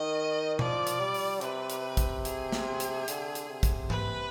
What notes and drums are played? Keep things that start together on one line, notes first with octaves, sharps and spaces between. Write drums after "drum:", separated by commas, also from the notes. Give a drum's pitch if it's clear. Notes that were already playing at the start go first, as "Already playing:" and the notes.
Already playing: D#3 D#5
F3 D5, drum: tom B2
drum: hi-hat
G3
drum: open hi-hat
C3 B4, drum: hi-hat
drum: hi-hat
drum: kick, hi-hat
G#4, drum: hi-hat
drum: snare
drum: hi-hat
D3, drum: hi-hat
drum: hi-hat
C3
drum: kick, hi-hat
B4, drum: tom G#2